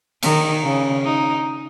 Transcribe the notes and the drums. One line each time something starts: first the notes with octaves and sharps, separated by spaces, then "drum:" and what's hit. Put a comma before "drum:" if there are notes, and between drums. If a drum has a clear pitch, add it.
D#3, drum: cymbal
C#3
D#4